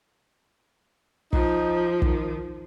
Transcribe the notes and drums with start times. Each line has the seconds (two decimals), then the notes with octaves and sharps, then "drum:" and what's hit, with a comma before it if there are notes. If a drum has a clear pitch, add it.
1.33 F3 D#4, drum: kick
2.02 D#3, drum: kick